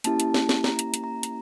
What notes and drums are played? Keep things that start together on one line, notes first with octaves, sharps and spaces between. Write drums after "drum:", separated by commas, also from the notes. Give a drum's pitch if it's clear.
A#3 C#4 E4 G4 A5, drum: hi-hat
drum: hi-hat
drum: snare
drum: snare
A#5, drum: snare
drum: hi-hat
drum: hi-hat
A#5
drum: hi-hat